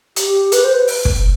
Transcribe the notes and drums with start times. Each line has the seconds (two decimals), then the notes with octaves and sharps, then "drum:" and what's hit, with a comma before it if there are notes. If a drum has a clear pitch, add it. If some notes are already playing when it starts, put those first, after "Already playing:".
0.16 G4, drum: hi-hat
0.52 B4, drum: hi-hat
0.63 C5
0.74 B4
0.87 drum: open hi-hat
1.05 drum: kick